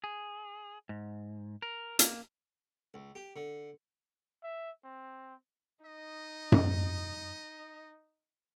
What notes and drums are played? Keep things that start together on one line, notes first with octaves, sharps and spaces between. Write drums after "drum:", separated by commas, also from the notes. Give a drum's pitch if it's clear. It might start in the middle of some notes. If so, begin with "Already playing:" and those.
G#4
G#2
A#4
A#3, drum: hi-hat
C#2
G4
D3
E5
C4
D#4 D#5
drum: tom F#2